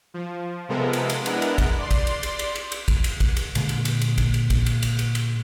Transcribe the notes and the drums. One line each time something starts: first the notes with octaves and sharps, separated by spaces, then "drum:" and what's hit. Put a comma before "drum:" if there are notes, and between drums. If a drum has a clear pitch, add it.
F3
C3 F3 G#3 B3 A4 A#4
drum: cymbal
drum: cymbal
G#3 B3 D4 E4 A#4 F#5, drum: cymbal
drum: cymbal
drum: kick, cymbal
D5 C6
drum: kick, cymbal
drum: cymbal
drum: cymbal
drum: cymbal
drum: cymbal
drum: cymbal
drum: kick, cymbal
drum: cymbal
drum: kick, cymbal
drum: cymbal
A#2 D3 G#3 A#3, drum: cymbal
drum: cymbal
drum: cymbal
drum: cymbal
drum: kick, cymbal
drum: cymbal
drum: kick, cymbal
drum: cymbal
drum: cymbal
drum: cymbal
drum: cymbal